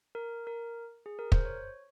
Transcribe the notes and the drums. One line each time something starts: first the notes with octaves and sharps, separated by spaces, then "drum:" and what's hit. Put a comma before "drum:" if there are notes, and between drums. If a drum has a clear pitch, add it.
A#4
A#4
G#4
A#4
C5, drum: kick
C#5